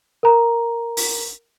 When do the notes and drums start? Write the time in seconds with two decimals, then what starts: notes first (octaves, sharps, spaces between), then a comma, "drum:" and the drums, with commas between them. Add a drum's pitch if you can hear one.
0.23 A#4 A#5
0.97 drum: open hi-hat